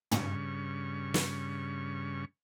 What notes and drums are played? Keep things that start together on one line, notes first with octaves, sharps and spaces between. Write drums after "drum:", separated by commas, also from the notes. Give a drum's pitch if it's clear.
G2 C#3 C#6, drum: tom
drum: snare